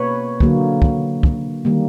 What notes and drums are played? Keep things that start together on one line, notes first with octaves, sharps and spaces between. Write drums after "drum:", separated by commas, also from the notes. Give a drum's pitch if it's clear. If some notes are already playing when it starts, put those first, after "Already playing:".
Already playing: B2 A#3 B4 C#5
D3 F#3 A#3, drum: kick
drum: kick
drum: kick
D#3 G3 A#3